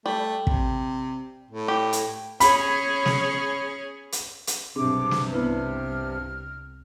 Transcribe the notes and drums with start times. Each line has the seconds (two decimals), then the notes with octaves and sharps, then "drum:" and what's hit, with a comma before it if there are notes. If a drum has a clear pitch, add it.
0.06 G3 A3
0.47 C3, drum: kick
1.51 A2
1.68 G4
1.93 drum: hi-hat
2.40 C#4 G#4 C#5 B5, drum: hi-hat
3.05 drum: snare
4.12 drum: hi-hat
4.47 drum: hi-hat
4.76 B1 G2 C3 C4 D4 G#4 D6
5.11 drum: snare
5.33 C2 B3 E4 B4 F6